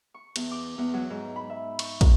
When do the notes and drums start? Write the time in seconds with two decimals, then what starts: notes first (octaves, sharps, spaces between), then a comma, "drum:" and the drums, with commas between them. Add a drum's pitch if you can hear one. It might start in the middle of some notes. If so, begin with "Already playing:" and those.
0.14 C#6
0.36 E2, drum: cymbal
0.51 D6
0.78 E2
0.94 F#3
1.10 G#2
1.36 B5
1.50 E5
1.79 C#6, drum: cymbal
2.01 drum: kick, cymbal